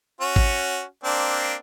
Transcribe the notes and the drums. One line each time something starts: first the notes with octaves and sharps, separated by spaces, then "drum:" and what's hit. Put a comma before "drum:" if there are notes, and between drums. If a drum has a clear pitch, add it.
C#4 F#4
drum: kick G#1
A#3 C4 D4